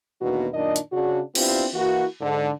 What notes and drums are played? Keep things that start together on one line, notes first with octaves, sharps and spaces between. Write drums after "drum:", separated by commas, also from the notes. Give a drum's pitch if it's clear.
E2 B2 D#3 A#3 D4 F#4
F#2 A#2 D#3 D4 D#5
drum: hi-hat
C#3 D4 F#4
B3 C4 D4 E4 F4 G4, drum: cymbal
E3 A#3 E4 F#4
G#2 D3